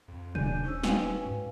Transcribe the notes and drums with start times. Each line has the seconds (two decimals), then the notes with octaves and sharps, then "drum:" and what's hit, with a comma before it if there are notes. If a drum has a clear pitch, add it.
0.08 F2
0.35 D#1 D4 G#5 G6 D#7, drum: tom
0.63 C#4 D#4 C5 E6
0.84 F#4 B4 F5 G5 G#5, drum: snare
1.26 G#2